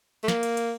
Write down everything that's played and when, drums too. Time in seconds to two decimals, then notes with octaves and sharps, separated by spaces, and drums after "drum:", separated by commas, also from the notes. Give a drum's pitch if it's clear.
0.23 A3
0.28 A#3, drum: snare
0.43 drum: cymbal
0.57 drum: cymbal